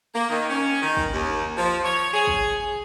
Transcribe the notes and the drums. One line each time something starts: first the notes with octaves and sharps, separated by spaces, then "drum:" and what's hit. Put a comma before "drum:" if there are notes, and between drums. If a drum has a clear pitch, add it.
A#3
D#3
C#4
D#3
drum: kick
D#2
F3
C#5
G#4
drum: kick